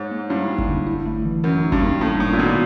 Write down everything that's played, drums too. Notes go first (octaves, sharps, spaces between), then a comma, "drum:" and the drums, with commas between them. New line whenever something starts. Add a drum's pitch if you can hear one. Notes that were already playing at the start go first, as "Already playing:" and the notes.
Already playing: G#2 D#4 C#5
A#3
G2 E4
G3
drum: kick G1
D3
E4
A3
E3
F#2 A#4
D#4
G2, drum: kick G1
A#3
A2 D#4
A2 G3
A#2
B2 D#3